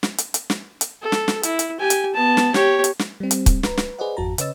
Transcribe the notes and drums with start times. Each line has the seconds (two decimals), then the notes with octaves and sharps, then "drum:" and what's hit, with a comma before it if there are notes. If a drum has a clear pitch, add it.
0.03 drum: snare
0.18 drum: hi-hat
0.34 drum: hi-hat
0.50 drum: snare
0.81 drum: hi-hat
1.02 A4
1.12 drum: snare
1.28 drum: snare
1.43 E4, drum: hi-hat
1.59 drum: hi-hat
1.80 G4 G#5
1.90 drum: hi-hat
2.14 B3 A5
2.37 drum: snare
2.54 G4 C#5, drum: snare
2.84 drum: hi-hat
2.99 drum: snare
3.20 G3 C4
3.31 drum: hi-hat
3.46 drum: kick, hi-hat
3.63 B4 A#5, drum: snare
3.77 drum: snare
3.98 G#4 B4 C5 D5 D#5 F#5
4.17 G#1 F2 F#4 A5 A#5
4.38 C#3 B4 C#5 D#5 E6 A6, drum: hi-hat